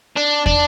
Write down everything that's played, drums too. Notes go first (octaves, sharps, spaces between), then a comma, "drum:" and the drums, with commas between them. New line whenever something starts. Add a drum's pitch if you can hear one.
D4
D4, drum: kick